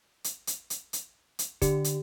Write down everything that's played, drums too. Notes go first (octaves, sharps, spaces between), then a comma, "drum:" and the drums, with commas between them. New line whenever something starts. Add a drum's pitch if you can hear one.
drum: hi-hat
drum: hi-hat
drum: hi-hat
drum: hi-hat
drum: hi-hat
D3 G4, drum: kick, hi-hat
drum: hi-hat